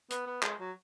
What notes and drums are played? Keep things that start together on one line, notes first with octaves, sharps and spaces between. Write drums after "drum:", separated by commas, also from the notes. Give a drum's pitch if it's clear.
B3, drum: hi-hat
B3
G#3, drum: clap
F#3